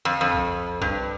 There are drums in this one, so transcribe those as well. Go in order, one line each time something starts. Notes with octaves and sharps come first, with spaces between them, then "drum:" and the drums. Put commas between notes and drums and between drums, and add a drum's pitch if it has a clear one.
F2
F2
drum: kick B1
G2, drum: kick B1